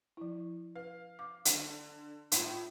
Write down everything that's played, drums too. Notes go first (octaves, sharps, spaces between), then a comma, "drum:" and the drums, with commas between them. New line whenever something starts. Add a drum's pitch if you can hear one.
F3 E4
B4 F5
F5 D6
D3, drum: hi-hat
A2 D#4 F4 B5, drum: hi-hat